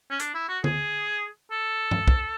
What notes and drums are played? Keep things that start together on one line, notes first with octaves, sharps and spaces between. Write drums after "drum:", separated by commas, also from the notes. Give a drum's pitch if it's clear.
C#4
D4, drum: hi-hat
E4
F#4
G#4, drum: tom
A4
drum: tom G2
drum: kick